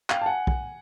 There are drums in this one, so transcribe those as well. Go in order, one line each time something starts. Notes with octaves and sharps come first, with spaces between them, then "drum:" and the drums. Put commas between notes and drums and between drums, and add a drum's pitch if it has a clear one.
F5 G5, drum: clap
A5
F#5 G#5
drum: kick